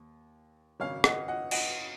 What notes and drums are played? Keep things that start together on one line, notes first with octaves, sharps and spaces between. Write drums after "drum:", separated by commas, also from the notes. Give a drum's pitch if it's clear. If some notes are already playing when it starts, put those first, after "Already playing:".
Already playing: D#2
G#1 F#2 C#3 C#5 F5
D#5 F#5, drum: rim click
D#5 F#5
D#5 F#5, drum: cymbal